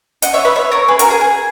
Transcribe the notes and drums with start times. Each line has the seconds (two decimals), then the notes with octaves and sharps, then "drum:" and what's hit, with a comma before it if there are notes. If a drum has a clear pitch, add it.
0.22 D#5 F#5, drum: hi-hat
0.33 C#5 E5
0.45 B4 D#5
0.56 C#5 E5
0.72 A#4 C#5
0.88 G#4 B4
0.99 F#4 A#4, drum: hi-hat
1.10 G#4
1.21 G#4